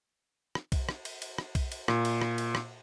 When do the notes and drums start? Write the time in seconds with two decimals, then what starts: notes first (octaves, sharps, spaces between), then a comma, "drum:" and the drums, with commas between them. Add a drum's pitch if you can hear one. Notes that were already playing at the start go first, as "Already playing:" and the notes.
0.55 drum: rim click
0.72 drum: kick B1, cymbal
0.89 drum: rim click
1.05 drum: cymbal
1.22 drum: cymbal
1.38 drum: rim click
1.55 drum: kick B1, cymbal
1.72 drum: cymbal
1.88 A#2, drum: rim click
2.05 drum: cymbal
2.21 drum: rim click
2.38 drum: cymbal
2.55 drum: rim click